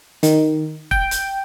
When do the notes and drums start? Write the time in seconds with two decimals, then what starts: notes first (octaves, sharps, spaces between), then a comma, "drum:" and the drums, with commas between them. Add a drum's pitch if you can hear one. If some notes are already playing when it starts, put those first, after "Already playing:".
0.23 D#3, drum: hi-hat
0.91 G5, drum: kick
1.11 drum: hi-hat